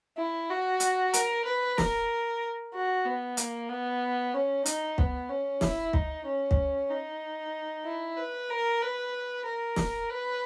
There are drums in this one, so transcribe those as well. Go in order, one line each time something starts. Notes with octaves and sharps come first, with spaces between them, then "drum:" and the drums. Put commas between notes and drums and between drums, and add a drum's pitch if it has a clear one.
E4
F#4
drum: hi-hat
A#4, drum: hi-hat
B4
A#4, drum: snare
F#4
B3
A#3, drum: hi-hat
B3
C#4
D#4, drum: hi-hat
B3, drum: kick
C#4
E4, drum: snare
D#4, drum: kick
C#4
drum: kick
D#4
E4
B4
A#4
B4
A#4
drum: snare
B4